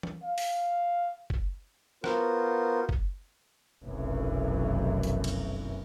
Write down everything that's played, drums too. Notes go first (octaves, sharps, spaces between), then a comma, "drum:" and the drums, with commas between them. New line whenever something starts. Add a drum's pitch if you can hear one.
drum: tom E3
F5
drum: open hi-hat
drum: kick
B3 F4 F#4 A#4 C5, drum: rim click
drum: kick
F1 B1 F#2 E3
drum: hi-hat
drum: cymbal